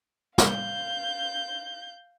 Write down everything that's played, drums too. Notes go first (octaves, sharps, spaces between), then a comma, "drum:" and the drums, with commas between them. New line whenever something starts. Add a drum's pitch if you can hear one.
F5 G6, drum: snare